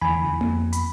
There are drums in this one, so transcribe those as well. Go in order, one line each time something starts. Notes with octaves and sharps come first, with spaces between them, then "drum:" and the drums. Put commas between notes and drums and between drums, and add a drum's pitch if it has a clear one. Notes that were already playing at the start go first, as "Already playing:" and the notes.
E2 D3 G#5 B5
E2
F2, drum: tom A#3
B5, drum: hi-hat